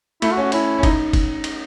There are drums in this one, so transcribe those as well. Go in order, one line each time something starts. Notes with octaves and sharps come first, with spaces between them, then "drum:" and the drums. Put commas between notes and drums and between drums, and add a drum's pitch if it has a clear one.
A3 E4, drum: cymbal
F#4
C#4
F#4
C#4 E4, drum: cymbal
C#4
D#4, drum: kick F#1, cymbal
drum: kick F#1, cymbal
drum: cymbal